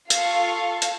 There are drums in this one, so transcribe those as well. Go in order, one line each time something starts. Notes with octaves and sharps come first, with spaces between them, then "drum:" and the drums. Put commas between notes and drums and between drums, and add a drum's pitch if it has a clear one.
F4 A4 F5 C#6, drum: hi-hat
drum: hi-hat